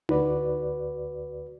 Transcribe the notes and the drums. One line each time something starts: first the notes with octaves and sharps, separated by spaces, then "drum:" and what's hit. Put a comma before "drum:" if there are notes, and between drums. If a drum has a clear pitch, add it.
D2 F#4 B4 D5, drum: tom D#4